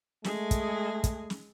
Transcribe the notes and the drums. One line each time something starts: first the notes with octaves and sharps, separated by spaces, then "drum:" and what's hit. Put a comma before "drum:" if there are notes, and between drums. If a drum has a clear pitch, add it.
G#3 A3 G#4, drum: snare
drum: kick, hi-hat
drum: kick, hi-hat
drum: snare